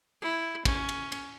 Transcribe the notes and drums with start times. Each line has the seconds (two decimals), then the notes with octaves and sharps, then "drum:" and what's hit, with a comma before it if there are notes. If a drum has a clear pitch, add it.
0.21 E4
0.65 C#4, drum: kick, cymbal
0.89 drum: cymbal
1.12 drum: cymbal